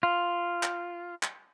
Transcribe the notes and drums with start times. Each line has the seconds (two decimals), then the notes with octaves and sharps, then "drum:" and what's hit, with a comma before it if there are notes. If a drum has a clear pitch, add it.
0.03 F4
0.63 drum: clap
1.23 drum: clap